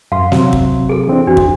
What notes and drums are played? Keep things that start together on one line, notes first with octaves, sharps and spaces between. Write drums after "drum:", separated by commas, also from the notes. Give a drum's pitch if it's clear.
F#2 F5 C6
C3 F#3 C4, drum: snare
drum: kick
G#4 A4
E3 C4 D4
F2 D4 F#4
drum: kick